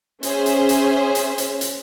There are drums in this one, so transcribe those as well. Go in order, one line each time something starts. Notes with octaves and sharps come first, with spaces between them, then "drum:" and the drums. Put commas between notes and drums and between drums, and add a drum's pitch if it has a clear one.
C#4 G#4 C5 E5, drum: hi-hat
drum: hi-hat
drum: hi-hat
drum: hi-hat
drum: hi-hat
drum: hi-hat